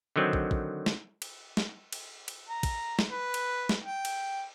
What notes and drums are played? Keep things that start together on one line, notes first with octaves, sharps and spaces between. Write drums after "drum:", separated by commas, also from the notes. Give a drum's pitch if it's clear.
D3 D#3 F#3 C4
drum: kick
drum: kick
drum: snare
drum: cymbal
drum: snare
drum: cymbal
drum: cymbal
A#5
drum: kick, cymbal
drum: snare
B4
drum: cymbal
drum: snare
G5
drum: cymbal